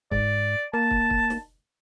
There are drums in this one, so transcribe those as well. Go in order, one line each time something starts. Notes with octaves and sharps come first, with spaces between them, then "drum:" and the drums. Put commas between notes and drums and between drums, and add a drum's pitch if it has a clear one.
G#2 D5, drum: kick
A#3 A5
drum: kick
drum: kick
drum: snare